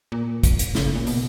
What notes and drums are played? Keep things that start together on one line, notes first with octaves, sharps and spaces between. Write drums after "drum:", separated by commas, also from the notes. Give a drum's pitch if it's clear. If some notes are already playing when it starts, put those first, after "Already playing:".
A#2
drum: kick, hi-hat
drum: hi-hat
C#3, drum: snare
A#2
B2, drum: open hi-hat